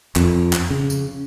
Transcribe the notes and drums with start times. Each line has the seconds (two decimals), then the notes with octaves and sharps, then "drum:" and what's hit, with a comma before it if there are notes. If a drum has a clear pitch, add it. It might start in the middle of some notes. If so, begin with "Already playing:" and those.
0.16 F2, drum: clap
0.53 drum: clap
0.70 C#3
0.90 drum: tambourine